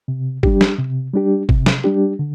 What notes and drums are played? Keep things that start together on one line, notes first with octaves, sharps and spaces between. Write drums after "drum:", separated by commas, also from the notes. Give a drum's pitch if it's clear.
C3
G3 D4 G4, drum: kick G1
drum: snare
C3
G3 D4 G4
C3, drum: kick G1
drum: snare
G3 D4 G4
D3